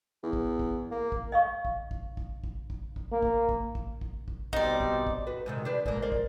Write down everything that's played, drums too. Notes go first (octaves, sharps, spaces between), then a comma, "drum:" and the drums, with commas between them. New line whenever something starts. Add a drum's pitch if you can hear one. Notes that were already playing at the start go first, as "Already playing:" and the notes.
E2
drum: kick
drum: kick
A#3
drum: kick
D#5 F5 C#6
drum: kick
drum: kick
drum: kick
drum: kick
drum: kick
drum: kick
A#3
drum: kick
drum: kick
drum: kick
drum: kick
drum: kick
B2 G3 C4 D#4 D5, drum: kick
drum: kick
drum: kick
F#4 B4
G#2 C3 D#3
D4 G4 B4
G#2 A#3, drum: kick
A#4 C5 D5
drum: kick